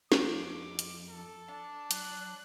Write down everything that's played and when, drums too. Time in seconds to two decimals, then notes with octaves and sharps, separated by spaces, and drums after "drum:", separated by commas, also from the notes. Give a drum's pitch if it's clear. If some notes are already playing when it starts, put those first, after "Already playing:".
0.12 B1 F2 D6, drum: snare
0.79 drum: hi-hat
1.09 A4
1.49 D4 A5
1.91 F#3 F#6, drum: hi-hat